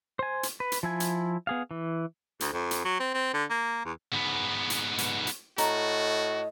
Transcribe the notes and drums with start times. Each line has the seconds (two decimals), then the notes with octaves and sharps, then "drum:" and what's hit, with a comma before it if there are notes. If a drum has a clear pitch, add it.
0.19 C5 G#5
0.43 drum: hi-hat
0.60 B4
0.72 drum: hi-hat
0.83 F3 E4 G#5
1.00 drum: hi-hat
1.47 B3 G#4 F5
1.71 E3
2.40 D2, drum: hi-hat
2.53 F2
2.71 drum: hi-hat
2.85 F#3
3.00 C4
3.14 C4
3.34 D3
3.50 A#3
3.85 E2
4.13 G#2 B3
4.70 drum: hi-hat
4.98 drum: hi-hat
5.27 drum: hi-hat
5.58 A2 F#4 D#5 A#5, drum: hi-hat